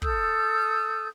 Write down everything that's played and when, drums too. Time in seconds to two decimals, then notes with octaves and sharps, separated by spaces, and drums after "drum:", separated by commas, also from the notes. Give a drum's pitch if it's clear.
0.02 A4 D#6 E6 G6, drum: kick